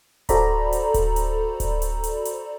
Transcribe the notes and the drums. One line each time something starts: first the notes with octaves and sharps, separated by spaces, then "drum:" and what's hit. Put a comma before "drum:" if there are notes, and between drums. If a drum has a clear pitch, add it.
F#4 A4 C5 D5 A#5 B5, drum: kick D1, hi-hat
drum: hi-hat
drum: kick D1, hi-hat
drum: hi-hat
drum: kick D1, hi-hat
drum: hi-hat
drum: hi-hat
drum: hi-hat